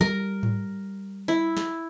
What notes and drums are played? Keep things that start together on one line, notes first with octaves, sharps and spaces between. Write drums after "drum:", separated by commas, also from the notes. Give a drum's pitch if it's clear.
G3 A#4
drum: tom G#2
E4
drum: snare